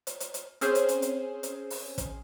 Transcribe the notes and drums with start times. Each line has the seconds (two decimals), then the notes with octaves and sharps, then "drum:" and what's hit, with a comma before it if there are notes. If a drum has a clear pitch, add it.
0.07 drum: hi-hat
0.20 drum: hi-hat
0.34 drum: hi-hat
0.61 C4 C#4 G#4 C5, drum: hi-hat
0.75 drum: hi-hat
0.89 drum: hi-hat
1.02 drum: hi-hat
1.43 drum: hi-hat
1.70 drum: open hi-hat
1.98 drum: kick, hi-hat